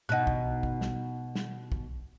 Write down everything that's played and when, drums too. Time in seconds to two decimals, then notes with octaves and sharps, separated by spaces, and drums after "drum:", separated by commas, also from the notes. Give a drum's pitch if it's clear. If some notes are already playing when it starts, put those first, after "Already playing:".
0.09 B2 D#4 F#5 F#6
0.27 drum: kick
0.63 drum: kick
0.81 drum: snare
1.36 drum: snare
1.72 drum: kick